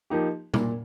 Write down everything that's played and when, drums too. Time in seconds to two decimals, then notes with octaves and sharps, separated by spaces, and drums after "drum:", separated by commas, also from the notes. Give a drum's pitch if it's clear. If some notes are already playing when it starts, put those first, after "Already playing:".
0.10 F3 A#3 D#4 G4
0.54 A#2, drum: tom A#2